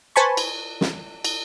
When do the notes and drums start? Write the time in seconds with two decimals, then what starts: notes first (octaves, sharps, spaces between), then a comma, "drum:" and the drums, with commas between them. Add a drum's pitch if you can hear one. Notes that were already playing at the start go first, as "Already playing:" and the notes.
0.16 B4 C5 G#5 A5 B5 C#6
0.37 drum: cymbal
0.81 drum: snare
1.25 drum: cymbal